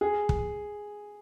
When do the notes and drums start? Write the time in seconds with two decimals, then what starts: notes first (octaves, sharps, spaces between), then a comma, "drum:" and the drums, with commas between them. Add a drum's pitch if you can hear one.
0.01 G#4
0.29 drum: kick